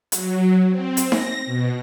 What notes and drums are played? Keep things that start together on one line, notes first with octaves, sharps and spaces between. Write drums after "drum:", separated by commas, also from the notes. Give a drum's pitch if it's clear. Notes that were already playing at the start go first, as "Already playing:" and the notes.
F#3, drum: hi-hat
C4
drum: hi-hat
A#6, drum: snare D#4
B2